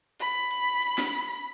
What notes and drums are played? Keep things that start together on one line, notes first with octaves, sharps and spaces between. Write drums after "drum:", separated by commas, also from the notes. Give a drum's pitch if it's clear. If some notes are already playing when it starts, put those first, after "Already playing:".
B5, drum: hi-hat
drum: hi-hat
drum: hi-hat
drum: snare